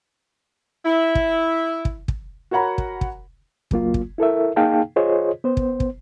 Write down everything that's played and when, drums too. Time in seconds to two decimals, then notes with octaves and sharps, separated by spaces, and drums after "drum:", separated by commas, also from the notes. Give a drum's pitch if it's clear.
0.85 E4
1.15 drum: kick
1.85 drum: kick
2.08 drum: kick
2.51 F#4 A#4 C#5 F#5 A#5 B5
2.78 drum: kick
3.01 drum: kick
3.71 C#2 F#3 A#3 F4, drum: kick
3.94 drum: kick
4.18 E4 A4 A#4 E5
4.56 A#3 D#4 G#4 F5 G5 A5
4.96 F4 G#4 C5 C#5 D#5
5.44 B3 C5
5.57 drum: kick
5.80 drum: kick